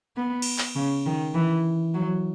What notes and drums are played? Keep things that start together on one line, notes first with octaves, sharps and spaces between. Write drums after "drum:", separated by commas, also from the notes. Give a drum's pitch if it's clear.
B3
drum: cymbal
drum: clap
C#3
D#3
E3
F#3